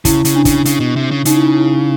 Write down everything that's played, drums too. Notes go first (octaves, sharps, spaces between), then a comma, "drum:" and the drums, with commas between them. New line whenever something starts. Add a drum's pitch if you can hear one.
C#3 E4, drum: kick, hi-hat
C#3, drum: hi-hat
D4
C#3, drum: kick, hi-hat
C#3, drum: hi-hat
B2
C3
C#3
C#3 D#4, drum: hi-hat
E4
D#4
E4